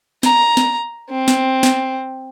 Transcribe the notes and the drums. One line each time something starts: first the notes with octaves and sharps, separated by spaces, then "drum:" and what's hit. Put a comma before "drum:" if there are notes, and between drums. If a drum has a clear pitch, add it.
A#5, drum: snare
drum: snare
C4
drum: snare
drum: snare